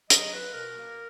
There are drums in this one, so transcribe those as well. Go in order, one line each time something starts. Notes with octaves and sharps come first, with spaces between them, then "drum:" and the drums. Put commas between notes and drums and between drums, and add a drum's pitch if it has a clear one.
F#3 D#5, drum: hi-hat
F4 B4
B2 A#4
A#3